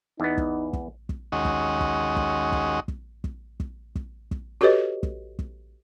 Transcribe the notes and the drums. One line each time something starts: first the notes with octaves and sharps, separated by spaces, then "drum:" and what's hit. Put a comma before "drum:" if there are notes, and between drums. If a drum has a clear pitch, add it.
E2 B3 D#4
drum: kick
drum: kick
drum: kick
D#2 G#3 C#4 F#4 D#5
drum: kick
drum: kick
drum: kick
drum: kick
drum: kick
drum: kick
drum: kick
drum: kick
drum: kick
F#4 G4 A4 B4 C#5 D#5
drum: kick
drum: kick